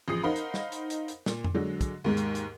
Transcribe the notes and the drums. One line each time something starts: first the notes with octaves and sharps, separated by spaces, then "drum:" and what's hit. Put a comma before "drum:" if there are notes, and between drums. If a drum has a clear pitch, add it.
A1 F3 G#4 D#6 C7
D#4 A#4 C5 F5 F#5 B5
drum: hi-hat
drum: snare
drum: hi-hat
drum: hi-hat
drum: hi-hat
A#2, drum: snare
drum: tom F2
D3 F#3 G#3
drum: kick, hi-hat
D#2 G#2 G#3
drum: hi-hat
drum: hi-hat